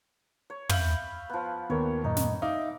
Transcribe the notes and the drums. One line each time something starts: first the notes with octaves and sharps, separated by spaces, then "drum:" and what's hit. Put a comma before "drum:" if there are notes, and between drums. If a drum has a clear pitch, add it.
C#5
E5 F5 B5 G6 F#7, drum: tom
F3 B3
D#2 B3 A#4 C#5
F#2 A#2 D#4 D#5
drum: snare
D#4 E5 F5 D6